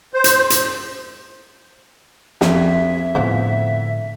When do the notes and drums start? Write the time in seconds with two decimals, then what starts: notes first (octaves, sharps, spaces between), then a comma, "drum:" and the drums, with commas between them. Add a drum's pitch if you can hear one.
0.14 C5
0.24 drum: hi-hat
0.50 drum: hi-hat
2.41 F2 E5, drum: snare
3.15 A2 D3 F3 B3 C5